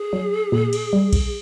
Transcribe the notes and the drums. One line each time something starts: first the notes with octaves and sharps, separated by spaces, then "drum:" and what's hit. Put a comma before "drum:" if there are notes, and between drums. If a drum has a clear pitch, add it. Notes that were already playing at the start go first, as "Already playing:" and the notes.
Already playing: G#4
F#3
A#2
drum: cymbal
G3
drum: kick A#1, cymbal